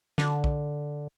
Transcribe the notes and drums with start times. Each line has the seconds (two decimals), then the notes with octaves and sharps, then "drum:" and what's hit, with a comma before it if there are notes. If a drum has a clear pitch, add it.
0.18 D3, drum: snare
0.44 drum: kick B1